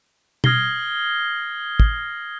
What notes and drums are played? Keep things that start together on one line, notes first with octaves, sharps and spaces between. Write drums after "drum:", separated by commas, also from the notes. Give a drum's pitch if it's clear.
D#6 F6 G#6 A#6 C7 G7, drum: tom B2
drum: kick